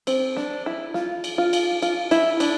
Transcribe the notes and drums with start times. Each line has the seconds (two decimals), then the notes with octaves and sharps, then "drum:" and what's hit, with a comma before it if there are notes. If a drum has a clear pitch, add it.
0.07 C4, drum: cymbal
0.36 D4, drum: snare
0.66 E4
0.94 F4, drum: snare
1.24 drum: cymbal
1.38 F4
1.53 drum: cymbal
1.82 F4, drum: cymbal
2.11 E4, drum: cymbal
2.40 D4, drum: cymbal